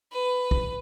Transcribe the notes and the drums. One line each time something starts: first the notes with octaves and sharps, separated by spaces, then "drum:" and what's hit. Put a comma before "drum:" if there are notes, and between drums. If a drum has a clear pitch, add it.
B4
drum: kick